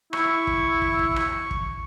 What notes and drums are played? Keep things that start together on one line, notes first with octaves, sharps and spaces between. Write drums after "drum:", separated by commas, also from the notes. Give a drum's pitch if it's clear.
E4 C#6, drum: rim click
drum: kick
drum: kick
drum: kick
drum: rim click
drum: kick